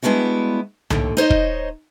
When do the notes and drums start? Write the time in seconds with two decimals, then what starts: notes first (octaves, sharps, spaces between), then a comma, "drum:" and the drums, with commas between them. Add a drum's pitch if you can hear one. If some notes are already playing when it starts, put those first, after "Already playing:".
0.02 G3 G#3 B3 D4 E4 F#4
0.90 D#2 A2 D3, drum: tom C2
1.17 D#4 C5 C#5 D#5
1.30 drum: kick